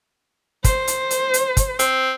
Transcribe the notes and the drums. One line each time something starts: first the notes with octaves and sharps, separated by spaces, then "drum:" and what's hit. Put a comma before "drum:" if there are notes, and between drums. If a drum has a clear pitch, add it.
C5, drum: kick, hi-hat
drum: hi-hat
drum: hi-hat
drum: hi-hat
drum: kick, hi-hat
C4, drum: hi-hat